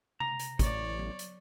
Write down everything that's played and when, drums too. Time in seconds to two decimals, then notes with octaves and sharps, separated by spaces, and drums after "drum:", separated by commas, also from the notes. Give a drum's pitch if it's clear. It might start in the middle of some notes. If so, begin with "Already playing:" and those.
0.20 A#5, drum: tom C3
0.39 drum: hi-hat
0.59 A1 C#5 D5, drum: kick, hi-hat
0.99 drum: tom F#3
1.19 drum: hi-hat